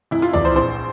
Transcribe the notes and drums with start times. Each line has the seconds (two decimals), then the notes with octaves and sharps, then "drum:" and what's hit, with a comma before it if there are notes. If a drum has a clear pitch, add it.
0.11 F1 E4
0.22 F4
0.33 E2 E3 D5, drum: tom
0.45 C5
0.55 A#1 C5